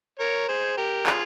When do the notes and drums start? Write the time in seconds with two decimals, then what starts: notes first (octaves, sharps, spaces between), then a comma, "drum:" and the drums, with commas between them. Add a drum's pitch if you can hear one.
0.20 A#4 C#5
0.48 G#4 C5
0.78 G4 A#4
1.06 F4 G#4, drum: clap